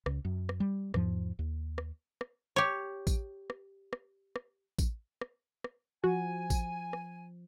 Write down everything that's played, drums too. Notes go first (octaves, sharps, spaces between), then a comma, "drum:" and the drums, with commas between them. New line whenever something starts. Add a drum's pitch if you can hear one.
C#2, drum: rim click
F#2
drum: rim click
G3
E2 G#2 F3, drum: rim click
D#2
drum: rim click
drum: rim click
G4 C#5
drum: kick A1, tambourine
drum: rim click
drum: rim click
drum: rim click
drum: kick A1, tambourine
drum: rim click
drum: rim click
F3 F#4 G#5
drum: kick A1, tambourine
drum: rim click